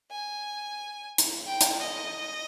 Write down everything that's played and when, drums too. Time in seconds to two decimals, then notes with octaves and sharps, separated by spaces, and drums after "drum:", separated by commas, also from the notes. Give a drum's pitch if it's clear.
0.11 G#5
1.18 drum: hi-hat
1.46 G5
1.61 drum: hi-hat
1.80 D#5